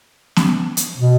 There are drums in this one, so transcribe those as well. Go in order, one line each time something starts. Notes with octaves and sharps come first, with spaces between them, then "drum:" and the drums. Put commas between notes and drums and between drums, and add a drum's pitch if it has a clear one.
drum: snare B3
drum: hi-hat
B2